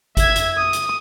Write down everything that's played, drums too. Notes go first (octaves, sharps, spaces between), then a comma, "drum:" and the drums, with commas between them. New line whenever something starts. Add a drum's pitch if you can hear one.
E5 G#6, drum: kick, hi-hat
drum: hi-hat
D#6
drum: hi-hat